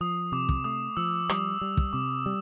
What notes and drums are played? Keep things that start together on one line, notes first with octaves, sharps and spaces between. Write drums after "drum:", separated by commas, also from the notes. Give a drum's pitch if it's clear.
F3 D#6
C3 D6
drum: kick
A3 D#6
F3 E6
G3 D#6, drum: rim click
G3
drum: kick
C3 D6
G3